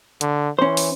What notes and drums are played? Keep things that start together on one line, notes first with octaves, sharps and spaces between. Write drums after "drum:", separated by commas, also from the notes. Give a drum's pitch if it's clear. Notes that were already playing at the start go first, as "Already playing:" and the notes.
D3, drum: hi-hat
E3 C#4 C5
drum: open hi-hat